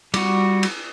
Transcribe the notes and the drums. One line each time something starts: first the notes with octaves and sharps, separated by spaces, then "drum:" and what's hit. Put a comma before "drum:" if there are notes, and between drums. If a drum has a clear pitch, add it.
G3 F#4, drum: cymbal
drum: cymbal